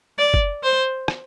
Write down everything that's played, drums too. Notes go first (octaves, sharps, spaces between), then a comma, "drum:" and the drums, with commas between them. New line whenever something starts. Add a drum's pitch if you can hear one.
D5
drum: kick
C5
drum: rim click